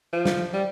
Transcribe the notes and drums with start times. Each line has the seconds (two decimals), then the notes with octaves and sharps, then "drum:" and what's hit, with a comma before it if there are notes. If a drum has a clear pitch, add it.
0.13 F3
0.25 drum: snare
0.53 G3